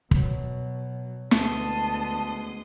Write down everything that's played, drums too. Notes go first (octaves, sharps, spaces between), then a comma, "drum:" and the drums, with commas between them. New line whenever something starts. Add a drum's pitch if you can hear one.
B2 F#3, drum: kick
D2 G#3 B3 A5 C6 D#6, drum: snare